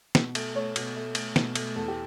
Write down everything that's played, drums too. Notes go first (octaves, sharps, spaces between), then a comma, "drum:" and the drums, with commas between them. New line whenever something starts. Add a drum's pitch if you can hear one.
B2, drum: snare
A3, drum: cymbal
A3 C#5
B2, drum: cymbal
A3
A3, drum: cymbal
B2, drum: snare
A3, drum: cymbal
E2 A4
G4